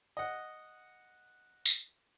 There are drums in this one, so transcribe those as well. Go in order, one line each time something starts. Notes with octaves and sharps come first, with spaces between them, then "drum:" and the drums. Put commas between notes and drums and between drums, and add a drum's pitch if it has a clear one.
D#5 F#5
drum: tambourine